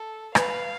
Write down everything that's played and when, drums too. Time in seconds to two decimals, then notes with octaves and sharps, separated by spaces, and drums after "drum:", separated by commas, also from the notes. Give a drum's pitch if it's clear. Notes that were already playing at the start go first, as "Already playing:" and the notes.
Already playing: A4
0.35 B4 F5, drum: rim click